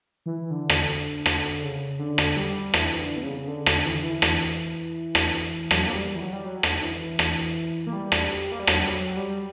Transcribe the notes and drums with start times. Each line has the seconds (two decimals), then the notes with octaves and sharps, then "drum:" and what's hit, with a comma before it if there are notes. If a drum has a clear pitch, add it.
0.26 E3
0.51 D3
0.70 drum: rim click
1.26 D3, drum: rim click
1.63 C#3
1.99 D3
2.18 drum: rim click
2.37 G3
2.74 E3, drum: rim click
2.98 D3
3.17 B2
3.23 C#3
3.38 C#3
3.47 D3
3.66 drum: rim click
3.85 E3
3.95 D3
4.04 E3
4.22 drum: rim click
5.15 drum: rim click
5.71 F#3, drum: rim click
5.87 A#3
5.95 G3
6.16 E3
6.21 F#3
6.33 G3
6.45 F#3
6.63 drum: rim click
6.76 D3
6.82 E3
7.19 drum: rim click
7.87 A#3
7.93 G3
8.12 drum: rim click
8.52 A#3
8.60 G3
8.67 F#3, drum: rim click
8.84 G3
8.93 F#3
9.17 G3